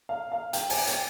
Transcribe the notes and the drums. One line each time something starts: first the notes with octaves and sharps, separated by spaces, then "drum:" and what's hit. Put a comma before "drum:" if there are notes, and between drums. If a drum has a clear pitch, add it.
F5
F5
G5, drum: hi-hat
G#5, drum: open hi-hat
G5, drum: hi-hat